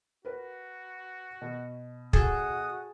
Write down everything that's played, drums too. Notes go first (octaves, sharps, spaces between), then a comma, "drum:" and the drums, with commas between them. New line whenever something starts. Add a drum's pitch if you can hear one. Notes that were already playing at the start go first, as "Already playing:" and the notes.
F#4 A#4 B4
B2
F#4 G#4 A4 D#6, drum: kick